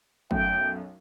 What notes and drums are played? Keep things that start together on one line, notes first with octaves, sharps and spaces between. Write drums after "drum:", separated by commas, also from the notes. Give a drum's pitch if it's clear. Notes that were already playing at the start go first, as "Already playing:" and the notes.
B1 F#2 A3 G5, drum: kick G1